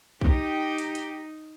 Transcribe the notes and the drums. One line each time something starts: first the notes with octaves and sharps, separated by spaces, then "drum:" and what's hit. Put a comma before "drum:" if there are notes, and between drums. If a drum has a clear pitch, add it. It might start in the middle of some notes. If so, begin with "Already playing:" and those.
D#4 G4, drum: kick A#1
drum: hi-hat
drum: hi-hat